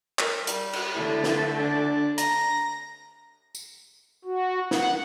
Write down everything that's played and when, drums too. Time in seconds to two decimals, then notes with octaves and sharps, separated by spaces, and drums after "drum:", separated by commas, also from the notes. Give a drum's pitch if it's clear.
0.19 A#4, drum: clap
0.47 G3, drum: hi-hat
0.73 drum: cymbal
0.94 D3 A3 E4
1.24 drum: snare
1.59 D4
2.18 A#5 A#6, drum: hi-hat
3.55 drum: tambourine
4.25 F#4
4.71 F#5, drum: snare